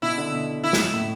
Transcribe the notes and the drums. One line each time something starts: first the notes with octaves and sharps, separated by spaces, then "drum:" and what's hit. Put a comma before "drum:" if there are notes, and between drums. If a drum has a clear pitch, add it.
B2 E4
D3
B2
E4
drum: snare
A2